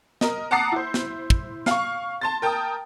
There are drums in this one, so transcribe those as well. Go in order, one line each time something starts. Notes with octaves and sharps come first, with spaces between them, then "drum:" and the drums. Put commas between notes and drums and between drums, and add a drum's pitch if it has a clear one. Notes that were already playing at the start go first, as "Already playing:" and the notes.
A#4 D#5, drum: snare
F#5 A5 A#5 D6 D#6 C7
E4 C5
drum: snare
drum: kick
F5 C#6, drum: snare
A5 C6 A6
A#4 G5 A5 D#6